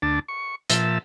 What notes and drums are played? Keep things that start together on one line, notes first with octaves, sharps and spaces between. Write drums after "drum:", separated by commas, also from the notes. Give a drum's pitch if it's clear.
D2 D4 A5
C#6
A#2 F3 E5 A5, drum: hi-hat